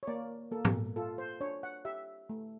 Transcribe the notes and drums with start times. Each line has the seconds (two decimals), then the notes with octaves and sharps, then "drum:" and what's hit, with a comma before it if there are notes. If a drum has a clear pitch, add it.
0.03 C#5
0.07 A#3 D5
0.51 A#3 A4
0.65 drum: tom G#2
0.96 F4 A4
1.18 C5
1.41 D4 C#5
1.63 F#5
1.85 G4 E5
2.30 A3